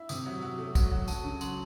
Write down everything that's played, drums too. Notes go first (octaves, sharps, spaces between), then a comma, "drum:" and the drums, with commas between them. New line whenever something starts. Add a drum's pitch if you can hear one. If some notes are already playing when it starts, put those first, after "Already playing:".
Already playing: E4
C3 D#6, drum: tambourine
F#3
F#3
A3
F#3, drum: kick, tambourine
F#3
F#3 A5, drum: tambourine
C#3
F#3 C6, drum: tambourine